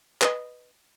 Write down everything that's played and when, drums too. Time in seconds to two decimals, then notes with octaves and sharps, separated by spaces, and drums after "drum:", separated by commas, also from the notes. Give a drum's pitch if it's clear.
0.22 B4 D#5, drum: clap